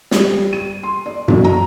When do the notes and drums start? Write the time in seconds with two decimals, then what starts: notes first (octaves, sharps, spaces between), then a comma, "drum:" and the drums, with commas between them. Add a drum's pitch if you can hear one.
0.11 G3, drum: snare
0.53 D#7
0.83 C6
1.06 D5
1.28 B1, drum: tom F#2
1.44 A#5